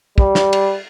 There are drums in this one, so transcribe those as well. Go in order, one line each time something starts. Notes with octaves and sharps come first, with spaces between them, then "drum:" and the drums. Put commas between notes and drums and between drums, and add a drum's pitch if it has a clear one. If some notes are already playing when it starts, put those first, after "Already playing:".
G3, drum: kick
drum: snare
drum: cymbal